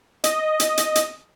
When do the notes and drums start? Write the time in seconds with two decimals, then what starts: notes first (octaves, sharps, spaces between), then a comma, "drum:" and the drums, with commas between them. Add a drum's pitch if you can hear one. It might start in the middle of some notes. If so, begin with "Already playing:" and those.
0.24 D#5, drum: hi-hat
0.60 drum: hi-hat
0.78 drum: hi-hat
0.95 drum: hi-hat